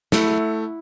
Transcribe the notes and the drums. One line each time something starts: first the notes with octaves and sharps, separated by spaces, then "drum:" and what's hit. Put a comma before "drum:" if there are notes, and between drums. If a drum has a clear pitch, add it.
A3 E4 F#5, drum: snare